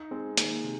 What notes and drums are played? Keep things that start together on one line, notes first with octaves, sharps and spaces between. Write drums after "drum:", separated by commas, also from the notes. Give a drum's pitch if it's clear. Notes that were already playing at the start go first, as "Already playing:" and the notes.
Already playing: D#4
G#3 C4
D#3 A#3, drum: hi-hat
C3